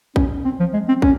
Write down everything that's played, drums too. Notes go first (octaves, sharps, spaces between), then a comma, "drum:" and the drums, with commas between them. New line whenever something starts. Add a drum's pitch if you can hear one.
C#4, drum: kick
C4
F3
G#3
C4
C#4, drum: kick